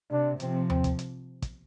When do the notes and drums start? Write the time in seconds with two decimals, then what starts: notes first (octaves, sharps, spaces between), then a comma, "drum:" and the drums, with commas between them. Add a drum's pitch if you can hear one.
0.11 C3 D4
0.40 C3 F3 C4, drum: hi-hat
0.70 C4, drum: tom D#2
0.84 drum: kick, hi-hat
0.99 drum: hi-hat
1.42 drum: kick, hi-hat